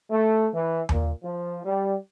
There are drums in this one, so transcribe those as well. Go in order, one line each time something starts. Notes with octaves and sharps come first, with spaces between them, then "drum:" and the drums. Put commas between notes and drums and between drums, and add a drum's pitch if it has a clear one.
A3
E3
A#2, drum: tom D#2
F3
G3